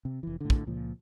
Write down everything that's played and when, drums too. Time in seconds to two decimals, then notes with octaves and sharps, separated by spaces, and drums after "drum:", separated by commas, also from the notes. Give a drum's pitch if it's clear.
0.05 C3
0.23 F1 E3
0.41 A2 D3
0.50 drum: kick
0.67 C#2 A#2 F3